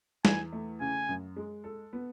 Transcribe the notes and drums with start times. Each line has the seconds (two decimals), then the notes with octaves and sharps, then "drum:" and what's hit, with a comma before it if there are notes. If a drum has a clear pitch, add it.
0.25 E2 G#5, drum: snare G3
0.52 A3
0.80 C#3 G#5
1.08 F#2
1.36 G#3
1.64 A4
1.93 B3